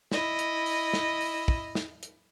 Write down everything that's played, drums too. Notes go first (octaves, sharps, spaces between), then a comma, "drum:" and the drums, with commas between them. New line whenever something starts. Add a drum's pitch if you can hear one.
E4 D#5, drum: snare
drum: hi-hat
drum: open hi-hat
drum: snare
drum: open hi-hat
drum: kick
drum: snare
drum: hi-hat